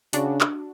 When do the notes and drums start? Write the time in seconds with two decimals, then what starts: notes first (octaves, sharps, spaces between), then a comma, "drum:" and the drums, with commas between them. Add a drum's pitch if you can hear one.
0.13 C#3 D4 F#4, drum: hi-hat
0.41 drum: clap